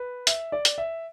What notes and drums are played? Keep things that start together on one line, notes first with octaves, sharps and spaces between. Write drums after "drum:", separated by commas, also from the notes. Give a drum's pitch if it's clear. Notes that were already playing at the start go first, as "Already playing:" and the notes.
Already playing: B4
E5, drum: hi-hat
D5
drum: hi-hat
E5